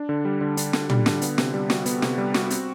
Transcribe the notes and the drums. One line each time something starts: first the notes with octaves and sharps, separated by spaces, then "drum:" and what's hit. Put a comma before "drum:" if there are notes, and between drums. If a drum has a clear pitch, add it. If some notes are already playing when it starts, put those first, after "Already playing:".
Already playing: D4
D3
G3
D3
D4, drum: hi-hat
D3, drum: snare
G3, drum: tom
D3, drum: snare
B3, drum: hi-hat
C3, drum: snare
G3
F#4, drum: snare
B3, drum: hi-hat
C3, drum: snare
G3
F#4, drum: snare
C4, drum: hi-hat